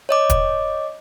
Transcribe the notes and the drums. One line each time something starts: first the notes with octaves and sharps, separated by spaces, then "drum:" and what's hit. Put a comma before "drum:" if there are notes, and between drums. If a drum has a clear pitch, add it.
C#5 D#5 D6
drum: kick, hi-hat